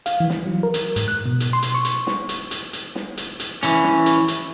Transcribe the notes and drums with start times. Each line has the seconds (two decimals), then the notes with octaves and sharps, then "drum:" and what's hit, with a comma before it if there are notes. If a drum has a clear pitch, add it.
0.06 F5, drum: hi-hat
0.20 E3
0.30 drum: snare
0.47 F#3
0.63 A#4
0.74 drum: hi-hat
0.96 G#2, drum: hi-hat
1.08 F#6
1.26 B2
1.40 drum: hi-hat
1.53 C6
1.63 drum: hi-hat
1.75 C#6
1.85 drum: hi-hat
2.07 drum: snare
2.29 drum: hi-hat
2.51 drum: hi-hat
2.73 drum: hi-hat
2.95 drum: snare
3.18 drum: hi-hat
3.40 drum: hi-hat
3.63 E3 C#4, drum: hi-hat
3.84 drum: snare
4.06 drum: hi-hat
4.28 drum: hi-hat